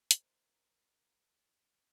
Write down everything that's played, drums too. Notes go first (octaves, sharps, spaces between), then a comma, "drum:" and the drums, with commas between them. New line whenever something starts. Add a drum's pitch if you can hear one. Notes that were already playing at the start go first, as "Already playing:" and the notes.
A#4 C5 D#5 A#5, drum: hi-hat